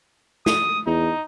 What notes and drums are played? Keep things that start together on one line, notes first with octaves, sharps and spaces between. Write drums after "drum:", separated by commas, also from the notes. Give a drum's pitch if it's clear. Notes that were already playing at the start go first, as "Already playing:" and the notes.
D#6, drum: snare
E2 D#4